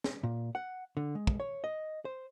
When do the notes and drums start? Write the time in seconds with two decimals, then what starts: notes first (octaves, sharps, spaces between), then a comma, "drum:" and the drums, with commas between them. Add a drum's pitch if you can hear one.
0.04 drum: snare
0.23 A#2
0.55 F#5
0.97 D3
1.15 G#3
1.27 drum: kick
1.40 C#5
1.64 D#5
2.05 C5